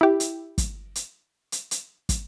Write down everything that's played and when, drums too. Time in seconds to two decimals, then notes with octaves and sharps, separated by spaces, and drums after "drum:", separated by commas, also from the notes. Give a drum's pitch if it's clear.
0.01 E4 G4
0.20 drum: hi-hat
0.58 drum: kick, hi-hat
0.95 drum: hi-hat
1.52 drum: hi-hat
1.71 drum: hi-hat
2.09 drum: kick, hi-hat